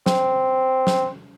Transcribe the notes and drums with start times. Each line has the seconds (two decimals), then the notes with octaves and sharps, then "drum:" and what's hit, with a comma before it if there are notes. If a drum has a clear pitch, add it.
0.06 C4, drum: snare
0.87 drum: snare